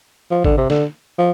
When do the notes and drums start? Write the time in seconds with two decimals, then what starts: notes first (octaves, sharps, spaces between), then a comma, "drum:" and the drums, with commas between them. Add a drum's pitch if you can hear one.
0.31 F3
0.44 D3, drum: kick G#1
0.57 C3
0.70 D3, drum: snare
1.18 F3